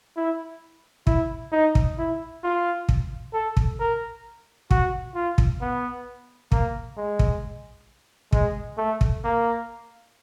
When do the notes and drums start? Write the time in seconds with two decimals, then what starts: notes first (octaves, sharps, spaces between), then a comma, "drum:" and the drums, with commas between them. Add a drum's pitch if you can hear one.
0.16 E4
1.07 E4, drum: kick
1.52 D#4
1.75 drum: kick
1.98 E4
2.44 F4
2.89 drum: kick
3.34 A4
3.57 drum: kick
3.80 A#4
4.71 F#4, drum: kick
5.15 F4
5.38 drum: kick
5.61 B3
6.52 A#3, drum: kick
6.97 G#3
7.19 drum: kick
8.33 G#3, drum: kick
8.78 A3
9.01 drum: kick
9.24 A#3